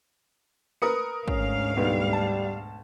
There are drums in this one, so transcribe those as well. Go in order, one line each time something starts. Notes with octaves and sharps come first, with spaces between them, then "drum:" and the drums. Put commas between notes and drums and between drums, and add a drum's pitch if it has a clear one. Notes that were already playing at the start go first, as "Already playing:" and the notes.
A#4 B4 D#6 C#7
D2 G#2 C#4 F5, drum: kick
B1 G3 B4
A5